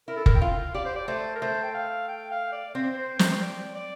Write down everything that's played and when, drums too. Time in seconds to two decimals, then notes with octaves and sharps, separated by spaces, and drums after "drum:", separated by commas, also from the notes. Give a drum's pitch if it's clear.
0.08 E4 A#4
0.16 A4
0.26 A#4, drum: kick F#1
0.34 G5
0.41 F4 F5
0.74 G4 D5
0.85 C5
0.95 D5
1.08 A3 C5
1.35 A#4
1.42 A3 C5
1.63 G5
1.74 F5
2.08 G5
2.31 F5
2.52 D5
2.75 C4 C5
2.97 C5
3.19 C5, drum: snare
3.42 D5
3.75 D5